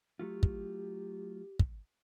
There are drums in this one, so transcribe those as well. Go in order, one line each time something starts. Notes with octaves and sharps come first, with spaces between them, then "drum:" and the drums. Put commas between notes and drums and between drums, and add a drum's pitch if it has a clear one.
F#3 A3 F4 G4
drum: kick
drum: kick